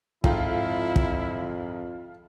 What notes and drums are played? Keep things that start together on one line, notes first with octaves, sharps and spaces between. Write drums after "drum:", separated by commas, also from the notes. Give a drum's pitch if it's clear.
F2 G#2 E4 F4 A4 G5, drum: kick
drum: kick